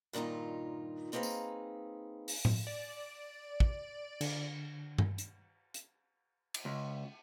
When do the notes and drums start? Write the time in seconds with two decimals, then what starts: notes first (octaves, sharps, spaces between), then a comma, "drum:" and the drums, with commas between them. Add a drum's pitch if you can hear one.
0.13 G2 A#2 D#3 D#4 F4
1.12 A#3 C4 D#4 G#4 B4 F5
1.23 drum: tambourine
2.28 drum: open hi-hat
2.45 drum: tom A2
2.67 D5
3.60 drum: kick
4.21 D3, drum: cymbal
4.98 drum: tom G2
5.18 drum: hi-hat
5.74 drum: hi-hat
6.54 drum: cymbal
6.65 C#2